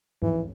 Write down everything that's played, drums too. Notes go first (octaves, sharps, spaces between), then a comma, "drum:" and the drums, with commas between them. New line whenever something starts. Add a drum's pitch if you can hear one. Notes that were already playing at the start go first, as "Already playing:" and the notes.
E3, drum: tom G#2